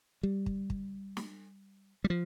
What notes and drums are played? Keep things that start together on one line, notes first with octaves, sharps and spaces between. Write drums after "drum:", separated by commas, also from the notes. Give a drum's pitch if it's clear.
G3
drum: kick
drum: kick
drum: snare
G3
F3